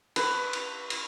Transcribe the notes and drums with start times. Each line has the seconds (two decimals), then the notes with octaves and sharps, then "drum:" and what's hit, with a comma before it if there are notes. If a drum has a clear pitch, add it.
0.16 B4, drum: cymbal
0.53 drum: cymbal
0.90 drum: cymbal